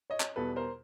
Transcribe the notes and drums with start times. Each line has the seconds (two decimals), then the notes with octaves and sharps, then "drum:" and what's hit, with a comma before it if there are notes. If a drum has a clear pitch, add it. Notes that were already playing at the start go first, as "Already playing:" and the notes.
0.10 C#5 D#5
0.20 drum: clap
0.36 E2 B2 G3 A4 B4
0.56 A#4 C5